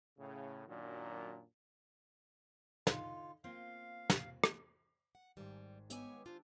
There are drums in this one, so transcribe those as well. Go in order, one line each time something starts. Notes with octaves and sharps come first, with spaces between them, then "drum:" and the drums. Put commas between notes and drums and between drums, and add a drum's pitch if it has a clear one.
A2 C#3
F#2 A#2 D#3 F#3 D4
D3 D#4 F4 F5, drum: snare
A#3 C4 F4 F5
drum: snare
drum: rim click
F#5
G#1 G#2 G3
G#3 B3 G4 C#5 G#5 D6 E6, drum: hi-hat
D4 F4 C5